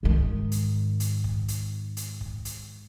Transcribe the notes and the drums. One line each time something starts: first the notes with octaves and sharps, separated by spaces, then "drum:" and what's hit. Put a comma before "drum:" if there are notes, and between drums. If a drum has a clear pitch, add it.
G#2 D#3
drum: hi-hat
drum: hi-hat
drum: kick
drum: hi-hat
drum: hi-hat
drum: kick
drum: hi-hat